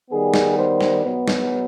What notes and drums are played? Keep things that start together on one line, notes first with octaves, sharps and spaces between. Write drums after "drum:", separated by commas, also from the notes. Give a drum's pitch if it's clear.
D#3 G3 B3 G#4
drum: snare
C5
drum: snare
B2 F#3 B3
drum: snare